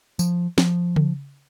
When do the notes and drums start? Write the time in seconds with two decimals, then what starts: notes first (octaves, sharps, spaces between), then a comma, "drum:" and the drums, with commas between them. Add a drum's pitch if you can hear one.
0.19 F3, drum: tambourine
0.58 F3, drum: snare
0.96 drum: tom C#3